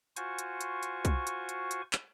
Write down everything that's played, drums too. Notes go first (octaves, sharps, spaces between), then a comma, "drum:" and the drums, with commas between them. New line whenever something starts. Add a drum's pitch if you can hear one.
F4 F#4 C5 G#5 C#6, drum: hi-hat
drum: hi-hat
drum: hi-hat
drum: hi-hat
drum: kick, hi-hat
drum: hi-hat
drum: hi-hat
drum: hi-hat
drum: clap